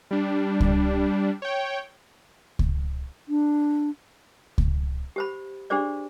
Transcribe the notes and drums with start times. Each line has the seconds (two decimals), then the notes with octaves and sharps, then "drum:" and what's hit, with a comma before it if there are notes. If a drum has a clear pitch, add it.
0.11 G3 D4
0.60 drum: kick C#2
1.42 C#5 G5
2.59 drum: kick C#2
3.29 D4
4.58 drum: kick C#2
5.16 G4 C5 B5
5.70 D4 G4 G#4 C5 D5